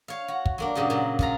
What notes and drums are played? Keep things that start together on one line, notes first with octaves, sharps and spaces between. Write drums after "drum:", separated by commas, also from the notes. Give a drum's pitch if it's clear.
C#5 F5
F#4
drum: kick
F#3 A#3 D4
G2 A#2 C#3 F#3
A#2 F#3
F#3 F4 A#5, drum: kick